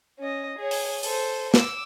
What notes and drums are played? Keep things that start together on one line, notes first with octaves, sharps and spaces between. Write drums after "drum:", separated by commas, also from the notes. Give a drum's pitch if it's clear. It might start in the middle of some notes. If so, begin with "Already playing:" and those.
C#4 D#5
G#4 C#5
drum: open hi-hat
A4 C5, drum: open hi-hat
D6 E6, drum: snare